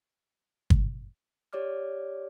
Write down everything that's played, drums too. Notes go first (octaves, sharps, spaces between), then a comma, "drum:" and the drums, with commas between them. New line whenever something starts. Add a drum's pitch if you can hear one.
drum: kick G1
G4 C#5 D5 D6 F6